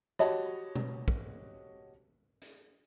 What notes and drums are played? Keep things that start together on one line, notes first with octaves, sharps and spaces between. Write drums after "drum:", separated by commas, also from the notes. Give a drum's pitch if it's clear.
F#4 G4 C#5 D#5 A5, drum: rim click
drum: tom B2
drum: kick
drum: hi-hat